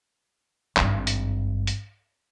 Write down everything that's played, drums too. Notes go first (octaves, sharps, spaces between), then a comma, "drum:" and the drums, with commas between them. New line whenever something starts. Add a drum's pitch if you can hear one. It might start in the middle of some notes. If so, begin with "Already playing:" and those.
G#1 G2, drum: clap
drum: hi-hat
drum: hi-hat